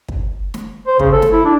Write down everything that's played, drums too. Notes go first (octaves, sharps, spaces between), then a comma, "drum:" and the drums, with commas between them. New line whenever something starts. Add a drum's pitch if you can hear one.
drum: kick
drum: snare
C5
C#3, drum: kick
A4
drum: snare
E4
D4